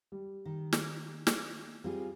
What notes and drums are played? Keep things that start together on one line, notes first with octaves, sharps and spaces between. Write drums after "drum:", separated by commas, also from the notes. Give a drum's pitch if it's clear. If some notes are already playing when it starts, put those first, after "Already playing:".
G3
D#3
drum: snare
drum: snare
G3 C4 F4 G#4